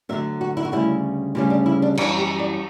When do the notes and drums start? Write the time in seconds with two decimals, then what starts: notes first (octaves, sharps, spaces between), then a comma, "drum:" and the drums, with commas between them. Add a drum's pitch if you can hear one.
0.09 D2 D3 F#3 C#4 E5
0.41 F#4
0.57 E4
0.65 F#4
0.72 D2 C#3 G3 C#4 E4
1.35 D2 C#3 G3 C#4 E4
1.50 D4
1.66 E4
1.82 D4
1.97 F#2 E3 G3 C#4 D4, drum: cymbal
2.19 G4
2.39 D5